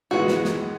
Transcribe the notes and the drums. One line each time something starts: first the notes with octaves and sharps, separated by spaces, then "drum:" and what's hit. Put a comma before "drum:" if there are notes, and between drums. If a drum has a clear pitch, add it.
A2 E3 G#3 B3 F#4
drum: snare
drum: snare